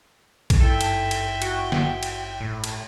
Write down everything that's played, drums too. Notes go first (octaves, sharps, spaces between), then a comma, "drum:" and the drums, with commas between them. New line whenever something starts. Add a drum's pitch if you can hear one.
drum: kick A#1, cymbal
G#1 G2 E4 A4 E5 G5
drum: cymbal
drum: cymbal
F#4, drum: cymbal
drum: snare
drum: cymbal
A2
drum: cymbal